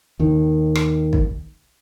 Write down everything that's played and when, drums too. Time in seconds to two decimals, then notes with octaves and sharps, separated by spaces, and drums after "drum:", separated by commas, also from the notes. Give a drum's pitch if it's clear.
0.19 D#2 D#3
0.75 drum: rim click
1.13 drum: kick